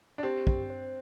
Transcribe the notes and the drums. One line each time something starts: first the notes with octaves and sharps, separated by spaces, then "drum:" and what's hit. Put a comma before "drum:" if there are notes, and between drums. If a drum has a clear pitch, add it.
D4
C4 G4
G5, drum: kick
C5